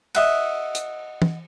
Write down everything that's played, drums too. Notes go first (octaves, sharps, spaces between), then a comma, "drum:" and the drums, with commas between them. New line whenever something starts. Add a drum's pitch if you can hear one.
D#5 E5 F#5, drum: cymbal
drum: hi-hat
drum: tom